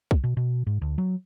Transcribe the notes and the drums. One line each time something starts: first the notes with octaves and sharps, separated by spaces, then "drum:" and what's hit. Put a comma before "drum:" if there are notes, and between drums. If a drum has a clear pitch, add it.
drum: kick
B2
B2
G#2
D2
F#3